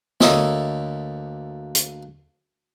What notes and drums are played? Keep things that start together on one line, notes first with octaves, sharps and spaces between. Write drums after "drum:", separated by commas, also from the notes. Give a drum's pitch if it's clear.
D2 A#3 A4 C#5 D#5 E5, drum: snare
drum: hi-hat